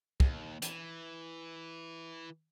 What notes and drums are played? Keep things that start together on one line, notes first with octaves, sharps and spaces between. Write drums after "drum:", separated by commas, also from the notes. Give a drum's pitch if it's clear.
D#2, drum: kick
E3, drum: hi-hat